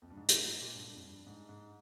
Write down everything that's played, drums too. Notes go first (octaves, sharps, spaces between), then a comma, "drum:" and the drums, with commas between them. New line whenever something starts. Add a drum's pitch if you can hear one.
F2
G2
G#2
G#2, drum: hi-hat
G#2
A#2
G2
G2
F2
G2
G#2
G#2